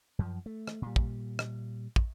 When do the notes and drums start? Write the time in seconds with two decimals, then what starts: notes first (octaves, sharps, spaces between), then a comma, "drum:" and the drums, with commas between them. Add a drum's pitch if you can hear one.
0.19 F#2 F3
0.46 A3
0.68 drum: rim click
0.82 A#2 G3
0.96 drum: kick
1.39 drum: rim click
1.96 drum: kick